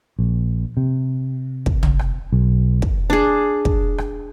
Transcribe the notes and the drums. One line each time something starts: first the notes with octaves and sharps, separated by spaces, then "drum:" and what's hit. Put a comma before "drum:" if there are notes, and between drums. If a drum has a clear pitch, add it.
A#1
C3
drum: kick
drum: tom
drum: rim click
B1
drum: kick
D4 G#4
drum: kick
drum: rim click